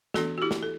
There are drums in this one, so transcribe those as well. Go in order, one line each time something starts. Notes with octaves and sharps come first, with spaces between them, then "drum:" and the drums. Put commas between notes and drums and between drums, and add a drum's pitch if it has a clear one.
E3 B3 D4 F#4 A4, drum: snare
F#4
E4 G4
drum: snare
A4